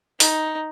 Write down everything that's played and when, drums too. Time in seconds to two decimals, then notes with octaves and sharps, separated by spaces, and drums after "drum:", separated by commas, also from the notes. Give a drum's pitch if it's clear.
0.20 D#4, drum: open hi-hat